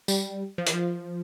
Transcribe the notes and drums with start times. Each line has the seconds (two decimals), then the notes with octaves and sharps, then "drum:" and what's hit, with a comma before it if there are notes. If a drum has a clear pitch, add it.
0.08 G3, drum: tambourine
0.58 F3
0.66 E3, drum: hi-hat
0.74 F3